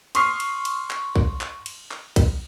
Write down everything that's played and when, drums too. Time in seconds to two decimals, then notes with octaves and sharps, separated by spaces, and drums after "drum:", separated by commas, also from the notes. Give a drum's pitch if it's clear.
0.15 C6 C#6 D#6 F6 C7, drum: cymbal
0.40 drum: cymbal
0.65 drum: cymbal
0.90 drum: clap
1.16 drum: kick
1.41 drum: clap
1.66 drum: cymbal
1.91 drum: clap
2.16 drum: kick, cymbal